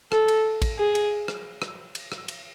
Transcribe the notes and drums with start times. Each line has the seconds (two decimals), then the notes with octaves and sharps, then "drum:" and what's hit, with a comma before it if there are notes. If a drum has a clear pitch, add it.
0.12 A4, drum: rim click
0.28 drum: cymbal
0.62 drum: kick, cymbal
0.78 G#4
0.95 drum: cymbal
1.28 drum: rim click
1.62 drum: rim click
1.95 drum: cymbal
2.12 drum: rim click
2.28 drum: cymbal